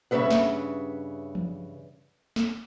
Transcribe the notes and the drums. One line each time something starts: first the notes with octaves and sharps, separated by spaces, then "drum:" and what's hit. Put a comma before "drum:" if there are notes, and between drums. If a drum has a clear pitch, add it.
G2 C#3 B3 B4 E5 F#5
drum: snare
drum: tom E3
drum: snare